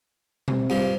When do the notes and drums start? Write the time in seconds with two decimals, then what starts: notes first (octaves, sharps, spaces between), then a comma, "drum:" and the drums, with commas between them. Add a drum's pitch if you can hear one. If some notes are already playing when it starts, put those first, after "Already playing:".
0.48 C3, drum: tom B2
0.70 G2 F3